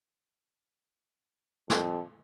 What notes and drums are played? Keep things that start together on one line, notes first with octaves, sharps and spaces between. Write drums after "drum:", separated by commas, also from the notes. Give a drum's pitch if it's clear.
F2, drum: snare